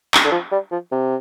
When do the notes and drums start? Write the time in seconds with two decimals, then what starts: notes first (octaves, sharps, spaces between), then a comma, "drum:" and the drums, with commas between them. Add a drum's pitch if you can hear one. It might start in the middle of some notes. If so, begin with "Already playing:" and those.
0.14 drum: clap
0.24 D3
0.32 F3
0.52 G3
0.71 F3
0.92 C3